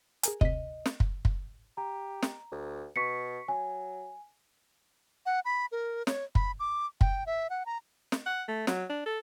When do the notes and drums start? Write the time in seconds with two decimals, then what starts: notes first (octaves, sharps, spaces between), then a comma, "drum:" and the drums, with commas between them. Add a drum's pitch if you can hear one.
0.23 G#4 A#4 G#5, drum: hi-hat
0.41 D2 C3 D#5 B6, drum: kick
0.86 drum: snare
1.00 drum: kick
1.25 drum: kick
1.77 G4 A#5
2.22 drum: snare
2.51 D2
2.96 B2 C#6 B6 C#7
3.48 F#3 G#5
5.26 F#5
5.45 B5
5.72 A#4
6.07 C#5, drum: snare
6.35 B5, drum: kick
6.60 D6
7.01 G5, drum: kick
7.26 E5
7.50 F#5
7.66 A#5
8.12 drum: snare
8.26 F#5
8.48 A3
8.67 F#3, drum: snare
8.89 D4
9.06 A4